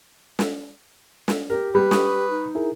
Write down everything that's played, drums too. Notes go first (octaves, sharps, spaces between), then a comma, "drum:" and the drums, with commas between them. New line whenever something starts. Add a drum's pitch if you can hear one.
drum: snare
drum: snare
G4 A#4
G3 B4
C#6 D#6 F#6, drum: snare
D#4
E4 G#4 A#4